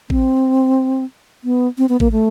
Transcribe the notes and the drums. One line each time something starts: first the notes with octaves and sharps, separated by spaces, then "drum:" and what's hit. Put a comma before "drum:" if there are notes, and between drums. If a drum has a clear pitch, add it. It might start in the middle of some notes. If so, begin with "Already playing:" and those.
C4, drum: kick A1
B3
C4
B3
A#3, drum: kick A1
A3